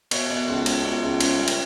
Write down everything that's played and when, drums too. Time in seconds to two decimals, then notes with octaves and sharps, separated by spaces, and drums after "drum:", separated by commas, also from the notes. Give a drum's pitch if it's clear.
0.11 B2 C#5, drum: cymbal
0.30 B2 D5
0.48 C#2 A5
0.66 C#2 A5, drum: cymbal
0.84 B2
1.03 C#2
1.21 C#3, drum: cymbal
1.38 G3
1.48 drum: cymbal